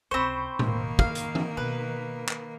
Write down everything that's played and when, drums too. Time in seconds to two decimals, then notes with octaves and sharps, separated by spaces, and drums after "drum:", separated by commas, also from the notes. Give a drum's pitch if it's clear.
0.11 C#2 C3 C4 C5 B5 C#6
0.59 E1 D#3 A#3, drum: tom A2
0.99 C#3 F5, drum: kick
1.15 drum: hi-hat
1.35 drum: tom E3
1.57 B2 B4
2.28 drum: clap